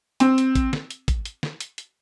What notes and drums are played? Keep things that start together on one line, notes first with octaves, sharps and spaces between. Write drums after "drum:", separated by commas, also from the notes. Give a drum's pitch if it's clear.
C4, drum: hi-hat
drum: hi-hat
drum: kick, hi-hat
drum: snare
drum: hi-hat
drum: kick, hi-hat
drum: hi-hat
drum: snare
drum: hi-hat
drum: hi-hat